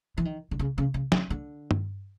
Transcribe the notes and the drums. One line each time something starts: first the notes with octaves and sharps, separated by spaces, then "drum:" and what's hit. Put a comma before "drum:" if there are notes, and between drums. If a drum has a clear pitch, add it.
E3
D#3
D3
C#3
C#3
C#3
D3, drum: snare F#3
D3
drum: tom